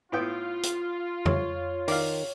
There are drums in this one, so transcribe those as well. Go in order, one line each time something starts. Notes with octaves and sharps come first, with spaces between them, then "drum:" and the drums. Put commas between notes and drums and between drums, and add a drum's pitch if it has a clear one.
A2 B3 F4 G5
drum: hi-hat
C#5, drum: tom F2
D#3 D5 F5, drum: open hi-hat